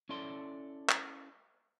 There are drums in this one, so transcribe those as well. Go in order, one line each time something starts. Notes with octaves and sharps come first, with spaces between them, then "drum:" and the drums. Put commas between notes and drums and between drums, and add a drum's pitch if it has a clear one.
C#4 E4 A4 D5 C6
drum: clap